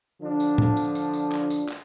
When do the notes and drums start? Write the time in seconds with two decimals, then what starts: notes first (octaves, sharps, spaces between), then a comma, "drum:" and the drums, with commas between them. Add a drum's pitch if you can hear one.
0.22 D3 F3 D4
0.40 drum: tambourine
0.58 drum: tom A2
0.77 drum: tambourine
0.95 drum: tambourine
1.13 drum: tambourine
1.32 drum: clap
1.50 drum: tambourine
1.69 drum: clap